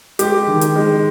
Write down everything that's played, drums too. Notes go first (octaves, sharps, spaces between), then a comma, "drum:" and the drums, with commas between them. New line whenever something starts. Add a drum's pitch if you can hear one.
G#3 G4, drum: hi-hat
D#3
drum: hi-hat
G#3